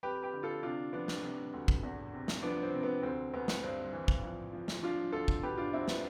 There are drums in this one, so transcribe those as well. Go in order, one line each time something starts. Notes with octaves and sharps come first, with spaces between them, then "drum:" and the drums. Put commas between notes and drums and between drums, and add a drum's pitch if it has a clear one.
F2 G4 B4
G4 B4
D3
F4 A4
C3 D4 F4
F3 B3 D4
drum: snare
C3
D2
drum: kick
E2
C3
drum: snare
F3 B3 D4
C4
C3
B3
D2 C4
D2 B3
drum: snare
G2 C4
E3
drum: kick
F3
F3
drum: snare
F3 D4 F4
D2 F4 A4
drum: kick
B2 G4 B4
D4 F4
E2 C4 E4
B3 D4, drum: snare